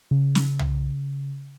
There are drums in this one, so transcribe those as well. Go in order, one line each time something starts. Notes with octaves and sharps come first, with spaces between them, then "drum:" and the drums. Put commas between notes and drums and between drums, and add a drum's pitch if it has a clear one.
C#3
drum: snare
drum: tom